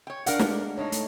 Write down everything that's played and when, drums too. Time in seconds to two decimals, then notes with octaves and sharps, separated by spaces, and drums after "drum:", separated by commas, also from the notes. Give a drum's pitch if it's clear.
0.07 C#5 G5
0.26 D4 A#4 D5 F5 F#5, drum: hi-hat
0.39 G#3 A3, drum: snare
0.78 A2 D4 D#4 C#5
0.92 A3, drum: hi-hat